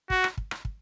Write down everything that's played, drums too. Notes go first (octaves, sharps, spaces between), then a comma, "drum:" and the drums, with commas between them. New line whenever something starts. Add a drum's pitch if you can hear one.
F#4, drum: kick
drum: rim click
drum: kick
drum: rim click
drum: kick